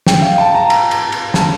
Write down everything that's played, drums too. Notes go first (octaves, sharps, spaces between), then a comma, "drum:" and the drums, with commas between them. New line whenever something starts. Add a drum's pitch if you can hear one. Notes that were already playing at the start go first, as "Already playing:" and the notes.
G5, drum: snare
F5
A5
A#5
drum: cymbal
drum: cymbal
drum: cymbal
A5, drum: snare